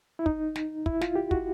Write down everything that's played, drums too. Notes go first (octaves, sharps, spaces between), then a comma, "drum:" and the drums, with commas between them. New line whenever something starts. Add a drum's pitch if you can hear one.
E4
D#4, drum: kick
drum: snare
E4, drum: kick
F4, drum: snare
G4
F#4, drum: kick